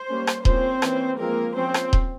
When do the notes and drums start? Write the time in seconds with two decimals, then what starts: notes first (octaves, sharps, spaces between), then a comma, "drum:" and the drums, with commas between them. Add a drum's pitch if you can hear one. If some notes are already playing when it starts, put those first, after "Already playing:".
Already playing: C5
0.09 G3 A#3 C#4
0.27 drum: rim click
0.45 F3 A#3 C4 C#4 C5, drum: kick D#1
0.82 E3 A#3 C#4, drum: rim click
1.19 F3 G#3 A#3 C4 A#4
1.56 F3 A#3 C4 C#4 C5
1.74 drum: rim click
1.93 drum: kick D#1